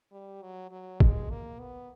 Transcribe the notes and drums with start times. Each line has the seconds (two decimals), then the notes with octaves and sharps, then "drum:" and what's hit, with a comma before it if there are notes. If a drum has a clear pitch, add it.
0.12 G3
0.42 F#3
0.72 F#3
1.00 G#3, drum: kick
1.31 A#3
1.60 B3